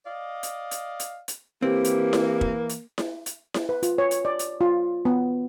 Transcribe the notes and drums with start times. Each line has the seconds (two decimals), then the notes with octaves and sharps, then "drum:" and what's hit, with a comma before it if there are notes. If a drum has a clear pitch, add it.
0.06 D5 D#5 F5
0.43 drum: hi-hat
0.71 drum: hi-hat
1.00 drum: hi-hat
1.28 drum: hi-hat
1.62 E3 A#3 C4 G4
1.84 drum: hi-hat
2.13 drum: snare E4
2.41 drum: kick
2.69 drum: hi-hat
2.98 drum: snare E4
3.26 drum: hi-hat
3.54 drum: snare E4
3.69 B4
3.83 F4, drum: hi-hat
3.98 C#5
4.11 drum: hi-hat
4.25 D5
4.39 drum: hi-hat
4.61 F4
5.05 B3